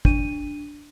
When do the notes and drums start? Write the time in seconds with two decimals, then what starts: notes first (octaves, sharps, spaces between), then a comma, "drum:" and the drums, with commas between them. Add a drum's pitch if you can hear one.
0.05 D4 D#7, drum: kick